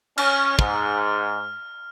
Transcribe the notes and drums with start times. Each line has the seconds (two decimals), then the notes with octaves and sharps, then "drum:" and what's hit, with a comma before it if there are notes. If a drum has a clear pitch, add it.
0.18 C#4 F6, drum: cymbal
0.59 G#2, drum: kick